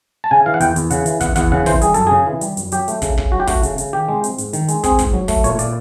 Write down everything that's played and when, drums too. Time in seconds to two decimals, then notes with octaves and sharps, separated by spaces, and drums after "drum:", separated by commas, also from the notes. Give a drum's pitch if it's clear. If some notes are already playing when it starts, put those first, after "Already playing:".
0.24 A5
0.31 C#3 G#5
0.46 E3 F5
0.54 F#5
0.60 E2 G5, drum: hi-hat
0.76 E2, drum: hi-hat
0.90 C#3 F#5, drum: hi-hat
1.06 E3, drum: hi-hat
1.21 E2 F#5, drum: kick, hi-hat
1.36 E2 F#5, drum: kick, hi-hat
1.52 C#3 F#5
1.66 E3 C5, drum: kick, open hi-hat
1.82 G3 G#4, drum: hi-hat
1.94 F#2 A4, drum: hi-hat
2.07 C#3 G#4
2.27 E3
2.41 G3, drum: hi-hat
2.57 F#2, drum: hi-hat
2.72 F#3 G4, drum: hi-hat
2.88 A3, drum: hi-hat
3.02 C#3, drum: kick, hi-hat
3.18 C#3, drum: kick
3.32 F#3 F#4
3.40 G4
3.47 A3 F#4, drum: kick, open hi-hat
3.63 C#3, drum: hi-hat
3.78 C#3, drum: hi-hat
3.93 D#3 G4
4.08 G#3
4.24 C4, drum: hi-hat
4.38 G#2, drum: hi-hat
4.53 D#3, drum: hi-hat
4.68 G#3, drum: hi-hat
4.84 C4 G#4, drum: kick, hi-hat
4.99 G#2, drum: kick, hi-hat
5.13 F#3
5.28 A3, drum: kick, open hi-hat
5.44 A#2 C#5, drum: hi-hat
5.59 A#2 D5, drum: hi-hat